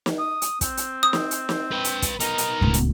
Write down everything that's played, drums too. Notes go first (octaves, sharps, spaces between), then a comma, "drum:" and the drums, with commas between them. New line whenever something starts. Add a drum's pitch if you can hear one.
drum: snare
D#6
drum: hi-hat
C4, drum: kick, hi-hat
drum: hi-hat
D#6
drum: snare
drum: hi-hat
drum: snare
B4 G5
drum: hi-hat
drum: kick, hi-hat
B3 D#4 A#4, drum: hi-hat
drum: hi-hat
D1 C#2
drum: hi-hat